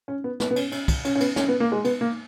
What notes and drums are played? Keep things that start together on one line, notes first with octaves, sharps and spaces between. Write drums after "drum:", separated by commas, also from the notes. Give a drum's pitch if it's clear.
C#4
B3
B3, drum: snare
B3
C#4, drum: cymbal
C#4, drum: cymbal
drum: kick, cymbal
C#4, drum: cymbal
C#4
B3, drum: cymbal
C#4, drum: snare
B3
A#3
G#3
B3, drum: cymbal
A#3